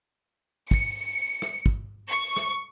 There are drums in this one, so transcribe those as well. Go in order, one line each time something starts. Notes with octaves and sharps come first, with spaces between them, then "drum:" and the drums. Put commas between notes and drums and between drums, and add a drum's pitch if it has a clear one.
C#7, drum: kick
drum: rim click
drum: kick
C#6
drum: rim click